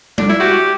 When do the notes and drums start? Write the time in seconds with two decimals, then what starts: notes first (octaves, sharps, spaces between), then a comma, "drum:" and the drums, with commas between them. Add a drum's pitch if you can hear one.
0.18 D4, drum: tom G3
0.29 E4
0.40 F#4 G4